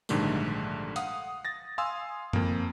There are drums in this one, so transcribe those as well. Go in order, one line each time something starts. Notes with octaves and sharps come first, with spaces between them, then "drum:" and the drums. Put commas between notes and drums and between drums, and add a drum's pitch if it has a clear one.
A#1 G#2 D3 D#3 G3 A3, drum: tambourine
F5 F#5 D#6, drum: hi-hat
A6 A#6
F5 G#5 C6 D#6 E6
F2 A#3, drum: tom F#2